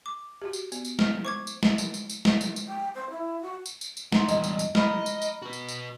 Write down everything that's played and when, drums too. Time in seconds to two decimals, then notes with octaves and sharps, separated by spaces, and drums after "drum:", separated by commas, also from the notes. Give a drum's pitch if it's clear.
0.06 D6
0.42 F#4 G4
0.53 drum: tambourine
0.72 B3, drum: tambourine
0.85 drum: tambourine
0.99 F6, drum: snare
1.25 C5 C#6 D6 G#6
1.47 drum: tambourine
1.63 drum: snare
1.78 drum: tambourine
1.94 drum: tambourine
2.09 drum: tambourine
2.25 drum: snare
2.41 drum: tambourine
2.56 drum: tambourine
2.68 G5
2.95 C5
3.10 E4
3.42 F#4
3.66 drum: tambourine
3.81 drum: tambourine
3.97 drum: tambourine
4.12 D#4 F#5 A#5 C6, drum: snare
4.28 E2 G2 D#5, drum: tambourine
4.44 drum: tambourine
4.59 drum: tambourine
4.75 D#5 A#5 B5 F6, drum: snare
5.06 drum: tambourine
5.22 drum: tambourine
5.42 F#4 B4
5.53 drum: tambourine
5.69 drum: tambourine